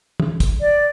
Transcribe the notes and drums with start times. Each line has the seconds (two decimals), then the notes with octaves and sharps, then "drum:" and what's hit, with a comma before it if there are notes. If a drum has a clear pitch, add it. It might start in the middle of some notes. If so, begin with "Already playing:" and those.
0.20 drum: tom
0.40 drum: kick, hi-hat
0.61 D5